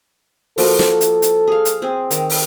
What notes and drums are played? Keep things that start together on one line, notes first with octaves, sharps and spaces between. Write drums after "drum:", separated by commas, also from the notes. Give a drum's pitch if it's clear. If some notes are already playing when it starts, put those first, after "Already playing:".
F3 A#3 F#4 A4, drum: open hi-hat
drum: snare
drum: hi-hat
drum: hi-hat
G#4 F5
drum: hi-hat
C4 G#4
D#3, drum: hi-hat
drum: open hi-hat